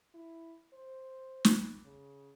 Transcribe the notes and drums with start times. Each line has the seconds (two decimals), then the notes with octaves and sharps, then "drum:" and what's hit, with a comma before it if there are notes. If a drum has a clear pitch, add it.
0.14 E4
0.73 C5
1.45 drum: snare
1.84 C#3